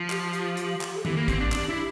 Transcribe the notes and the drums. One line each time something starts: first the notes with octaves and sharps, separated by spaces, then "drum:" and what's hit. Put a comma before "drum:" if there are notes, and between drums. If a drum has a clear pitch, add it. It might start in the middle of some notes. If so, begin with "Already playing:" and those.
Already playing: F3
G4, drum: clap
drum: hi-hat
drum: hi-hat
drum: clap
A4
E3 G4, drum: tom D#3
A#3
C4, drum: kick, hi-hat
D4
D4, drum: clap
E4